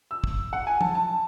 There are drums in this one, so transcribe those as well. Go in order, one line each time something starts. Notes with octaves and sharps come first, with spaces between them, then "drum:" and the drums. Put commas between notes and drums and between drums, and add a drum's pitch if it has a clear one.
E6
drum: kick
F#5
G#5
A5, drum: tom F3
A5